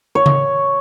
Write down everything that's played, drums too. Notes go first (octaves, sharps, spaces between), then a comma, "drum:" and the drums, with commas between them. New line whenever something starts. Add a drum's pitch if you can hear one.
C#5
drum: tom C#3